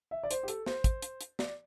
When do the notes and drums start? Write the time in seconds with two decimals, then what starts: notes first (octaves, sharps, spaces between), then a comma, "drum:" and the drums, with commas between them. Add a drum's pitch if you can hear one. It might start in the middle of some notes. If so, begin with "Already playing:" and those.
0.11 E5
0.23 D5
0.31 C5, drum: hi-hat
0.43 G4
0.48 A4, drum: hi-hat
0.66 C5, drum: snare
0.84 drum: kick, hi-hat
1.02 drum: hi-hat
1.21 drum: hi-hat
1.39 D5, drum: snare